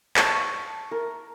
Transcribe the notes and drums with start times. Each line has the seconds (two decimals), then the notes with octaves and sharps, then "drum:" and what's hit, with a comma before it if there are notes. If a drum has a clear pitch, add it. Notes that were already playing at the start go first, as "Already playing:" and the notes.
0.17 A5 C#6, drum: clap
0.91 A#4